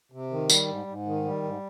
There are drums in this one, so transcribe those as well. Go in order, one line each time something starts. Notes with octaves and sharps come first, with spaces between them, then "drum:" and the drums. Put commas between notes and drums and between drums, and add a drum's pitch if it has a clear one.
C3
D#3
G3, drum: tambourine
G#2
G#2
D#3
G3
G#2